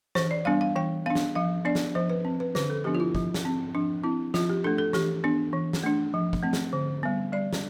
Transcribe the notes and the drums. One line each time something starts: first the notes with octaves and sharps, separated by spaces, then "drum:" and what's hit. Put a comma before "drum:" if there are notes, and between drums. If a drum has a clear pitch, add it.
E3 C5, drum: snare
D5
G3 B3 D4 F5
F5
E3 G5
B3 D4 F5
drum: snare
F3 F5
B3 D4 D5
drum: snare
F3 C5
B4
C4
B4
D3 B4, drum: snare
A4
F3 B3 D4 G4
F4
E4
F3, drum: kick
drum: snare
C4
F3 D4
C4 E4
F3 F4, drum: snare
G4
A3 D4 A4
A4
E3 G4, drum: snare
B3 D4
E3
drum: snare
A3 D4
F3
drum: kick
A3 C4
drum: snare
D3
G3 B3
G3 D5
drum: snare